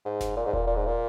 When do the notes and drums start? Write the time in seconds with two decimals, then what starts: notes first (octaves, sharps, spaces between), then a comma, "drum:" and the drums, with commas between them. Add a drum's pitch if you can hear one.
0.05 G#2
0.21 drum: snare F#1
0.37 A#2
0.45 G#2
0.53 A#2, drum: kick E1
0.67 A#2
0.76 G#2
0.86 A#2